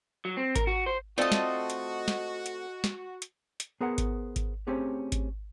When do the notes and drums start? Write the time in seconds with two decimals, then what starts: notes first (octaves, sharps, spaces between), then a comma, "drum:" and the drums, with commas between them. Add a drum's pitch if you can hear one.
0.25 F#3
0.37 C4
0.56 A#4, drum: kick G#1, hi-hat
0.67 F#4
0.86 C5
1.18 A3 C4 F4 F#4 A4 D5 D#5
1.32 drum: snare
1.70 drum: hi-hat
2.08 drum: snare
2.46 drum: hi-hat
2.84 drum: snare
3.22 drum: hi-hat
3.60 drum: hi-hat
3.81 B3 G#4 A#4 C5 F#5
3.98 drum: kick G#1, hi-hat
4.36 drum: kick G#1, hi-hat
4.67 A3 C4 C#4 G4 G#4
5.12 drum: kick G#1, hi-hat